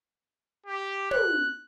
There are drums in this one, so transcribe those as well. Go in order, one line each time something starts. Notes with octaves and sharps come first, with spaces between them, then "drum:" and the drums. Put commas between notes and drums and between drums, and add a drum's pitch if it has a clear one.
G4
F#6, drum: tom